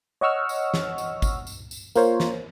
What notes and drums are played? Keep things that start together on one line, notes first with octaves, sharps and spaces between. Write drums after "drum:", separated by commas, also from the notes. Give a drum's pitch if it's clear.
C#5 D#5 F#5 C#6 E6 F6
drum: tambourine
drum: snare
drum: tambourine
drum: kick G#1, tambourine
drum: tambourine
drum: tambourine
A#3 F4 A#4 C5 C#5, drum: tambourine
drum: snare